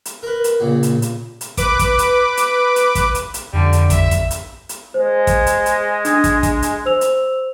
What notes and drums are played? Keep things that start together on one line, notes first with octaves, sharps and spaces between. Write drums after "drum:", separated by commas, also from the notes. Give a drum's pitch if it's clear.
drum: hi-hat
A#4 B4
drum: hi-hat
A#1 C#3
drum: hi-hat
drum: hi-hat
drum: hi-hat
B4 D6, drum: kick, hi-hat
drum: kick, hi-hat
drum: hi-hat
drum: hi-hat
drum: hi-hat
drum: kick, hi-hat
drum: hi-hat
drum: hi-hat
F2 D3 G3
drum: hi-hat
E5, drum: kick, hi-hat
drum: kick, hi-hat
drum: hi-hat
drum: hi-hat
G#3 C5
drum: kick, hi-hat
drum: hi-hat
drum: hi-hat
D4 D#6 G#6, drum: hi-hat
drum: kick, hi-hat
drum: kick, hi-hat
drum: hi-hat
C5 E6 F7
drum: hi-hat